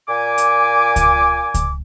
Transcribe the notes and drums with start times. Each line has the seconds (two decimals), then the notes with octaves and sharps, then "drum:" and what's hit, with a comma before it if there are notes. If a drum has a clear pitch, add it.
0.08 A#2 G#5 D6
0.38 drum: hi-hat
0.96 drum: kick C#2, hi-hat
1.54 drum: kick C#2, hi-hat